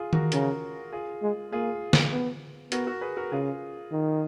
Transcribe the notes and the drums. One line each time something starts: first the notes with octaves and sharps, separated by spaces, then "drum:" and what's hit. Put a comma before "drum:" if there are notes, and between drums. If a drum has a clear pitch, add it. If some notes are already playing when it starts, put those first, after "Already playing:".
Already playing: F4 G#4
F#4 A#4, drum: tom D#3
C#3 F#4 A#4, drum: hi-hat
F4 G#4
G#3
A#3 F4 G#4
drum: snare
B3
B3 F#4 A#4, drum: hi-hat
F#4 A#4
G#4 B4
F#4 A#4
C#3 F4 G#4
D#3